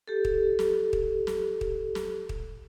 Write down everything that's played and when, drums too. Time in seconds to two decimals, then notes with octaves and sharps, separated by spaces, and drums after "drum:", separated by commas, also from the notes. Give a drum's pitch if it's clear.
0.07 G4 A4
0.25 drum: kick
0.59 drum: snare
0.93 drum: kick
1.27 drum: snare
1.61 drum: kick
1.95 drum: snare
2.29 drum: kick